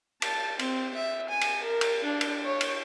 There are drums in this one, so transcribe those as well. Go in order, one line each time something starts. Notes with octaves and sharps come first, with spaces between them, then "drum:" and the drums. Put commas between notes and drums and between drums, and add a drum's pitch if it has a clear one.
A5, drum: cymbal
C4, drum: cymbal
E5
G#5
drum: cymbal
A#4
drum: cymbal
D4
drum: cymbal
C#5
drum: cymbal